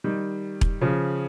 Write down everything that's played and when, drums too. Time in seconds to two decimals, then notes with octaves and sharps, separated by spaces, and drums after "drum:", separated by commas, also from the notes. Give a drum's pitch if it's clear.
0.04 D#3 G3
0.61 drum: kick E1
0.81 C#3 F3